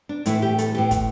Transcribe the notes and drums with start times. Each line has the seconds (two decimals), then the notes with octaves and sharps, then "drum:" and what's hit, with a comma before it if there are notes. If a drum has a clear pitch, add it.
0.09 D4
0.26 A2 E3 A3 E4, drum: hi-hat
0.42 G4
0.58 A4, drum: hi-hat
0.74 A2 E3 A3 G4
0.91 drum: kick, hi-hat